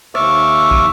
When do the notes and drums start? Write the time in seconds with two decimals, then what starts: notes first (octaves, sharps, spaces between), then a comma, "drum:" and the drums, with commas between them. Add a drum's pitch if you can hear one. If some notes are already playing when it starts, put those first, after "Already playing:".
0.15 D#2 E5 C#6 D6 E6 F6, drum: rim click
0.71 drum: kick